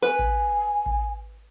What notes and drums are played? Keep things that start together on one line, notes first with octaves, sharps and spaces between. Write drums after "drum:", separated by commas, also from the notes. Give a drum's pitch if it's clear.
B4 G#5
drum: kick A1
drum: kick A1